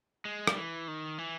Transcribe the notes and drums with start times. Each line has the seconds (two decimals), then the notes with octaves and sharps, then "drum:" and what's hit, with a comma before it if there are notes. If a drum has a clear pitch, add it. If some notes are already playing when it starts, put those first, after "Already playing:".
0.25 G#3
0.47 G3, drum: rim click
0.56 E3
0.88 D#3
1.18 E3